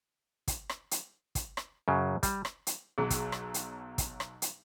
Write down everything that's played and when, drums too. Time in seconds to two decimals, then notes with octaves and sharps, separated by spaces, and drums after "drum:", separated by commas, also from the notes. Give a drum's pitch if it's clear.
0.48 drum: kick, hi-hat
0.69 drum: rim click
0.91 drum: hi-hat
1.35 drum: kick, hi-hat
1.57 drum: rim click
1.88 F#2 C#3 F#3
2.23 G3, drum: kick, hi-hat
2.45 drum: rim click
2.67 drum: hi-hat
2.98 B1 F#3 G#4
3.10 drum: kick, hi-hat
3.32 drum: rim click
3.54 drum: hi-hat
3.98 drum: kick, hi-hat
4.20 drum: rim click
4.42 drum: hi-hat